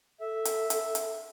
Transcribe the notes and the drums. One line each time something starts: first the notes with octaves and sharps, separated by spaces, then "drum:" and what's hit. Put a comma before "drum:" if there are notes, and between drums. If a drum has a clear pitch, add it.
A4 E5
drum: hi-hat
drum: hi-hat
drum: hi-hat